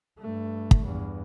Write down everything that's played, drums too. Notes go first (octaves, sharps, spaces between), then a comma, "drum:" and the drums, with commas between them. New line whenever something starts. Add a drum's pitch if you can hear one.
G2 A3
drum: kick
E2 G2